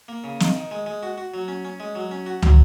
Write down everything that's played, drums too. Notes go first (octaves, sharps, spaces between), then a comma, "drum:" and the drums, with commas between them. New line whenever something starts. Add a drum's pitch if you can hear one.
A#3
C#3
D#3, drum: snare
D#3
G#3
G#3
F#4
F#4
F#3
C#4
C#4
G#3
F#3
C#4
F#4
F#3, drum: tom